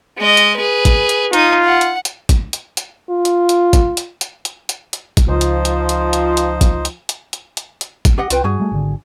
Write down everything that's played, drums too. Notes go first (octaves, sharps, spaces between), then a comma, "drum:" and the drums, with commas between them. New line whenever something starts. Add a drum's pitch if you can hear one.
G#3 D#5
drum: hi-hat
G#4 B4
drum: kick G#1, hi-hat
drum: hi-hat
D#4 F4 D#6, drum: hi-hat
F#5
drum: hi-hat
drum: hi-hat
drum: kick G#1, hi-hat
drum: hi-hat
drum: hi-hat
F4
drum: hi-hat
drum: hi-hat
drum: kick G#1, hi-hat
drum: hi-hat
drum: hi-hat
drum: hi-hat
drum: hi-hat
drum: hi-hat
drum: kick G#1, hi-hat
C#2 F3 D#4 F4 C5
drum: hi-hat
drum: hi-hat
drum: hi-hat
drum: hi-hat
drum: hi-hat
drum: kick G#1, hi-hat
drum: hi-hat
drum: hi-hat
drum: hi-hat
drum: hi-hat
drum: hi-hat
drum: kick G#1, hi-hat
G4 D#5 F#5
C2 F4 B4 G5, drum: hi-hat
G2 F#4 G#4 G#5
G3 A3
G#1 D3